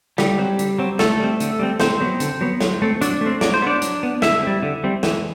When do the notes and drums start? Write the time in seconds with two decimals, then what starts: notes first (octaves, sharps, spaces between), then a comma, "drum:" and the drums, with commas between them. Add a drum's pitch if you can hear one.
0.18 D3 G3 G4, drum: snare
0.38 F#3 C4
0.59 D3, drum: hi-hat
0.79 F#3 C4
0.99 D3 A3 A4, drum: snare
1.20 G3 C4
1.40 D3, drum: hi-hat
1.60 G3 C4
1.80 D3 C4 C5, drum: snare
2.00 F#3 B3
2.20 D3, drum: hi-hat
2.41 F#3 B3
2.61 F#3, drum: snare
2.82 A3 C4
3.01 F#3 D4 D5, drum: hi-hat
3.21 A3
3.26 C4
3.41 F#3 D5, drum: snare
3.54 C5
3.62 B3 D4 D5
3.82 F#3, drum: hi-hat
4.03 B3
4.22 D3 E4 E5, drum: snare
4.43 G3 C4
4.62 D3
4.84 G3 C4
5.03 E3, drum: snare